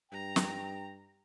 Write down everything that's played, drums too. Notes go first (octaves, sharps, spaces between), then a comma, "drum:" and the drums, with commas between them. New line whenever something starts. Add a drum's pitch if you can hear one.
G2 G5 A#5
drum: snare